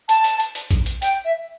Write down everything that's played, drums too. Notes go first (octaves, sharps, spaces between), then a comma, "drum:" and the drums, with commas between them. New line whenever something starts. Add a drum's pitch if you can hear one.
A5, drum: hi-hat
drum: hi-hat
drum: hi-hat
drum: hi-hat
drum: kick A#1, hi-hat
drum: hi-hat
G5, drum: hi-hat
E5